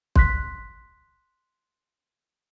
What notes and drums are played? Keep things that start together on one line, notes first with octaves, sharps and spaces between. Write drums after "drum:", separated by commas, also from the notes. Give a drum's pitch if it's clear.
C6 F#6 B6, drum: kick